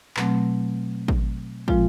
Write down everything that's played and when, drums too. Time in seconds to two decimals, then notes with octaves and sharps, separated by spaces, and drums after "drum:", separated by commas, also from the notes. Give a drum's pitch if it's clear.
0.17 B2 F#3 A3 C4, drum: clap
1.08 drum: kick
1.68 A#2 F3 G#3 C4 F4, drum: kick